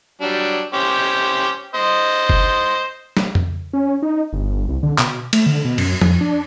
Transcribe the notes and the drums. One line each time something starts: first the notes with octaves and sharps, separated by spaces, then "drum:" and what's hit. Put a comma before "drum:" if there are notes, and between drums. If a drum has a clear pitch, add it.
F#3 G3 D4
C#4 G4 C5
C5 D#5
drum: kick F#1
drum: snare
drum: tom F2
C#4
D#4
G1
C2
D3
B2, drum: clap
A3, drum: cymbal
D3
B2
F#2, drum: cymbal
F2, drum: tom F3
D4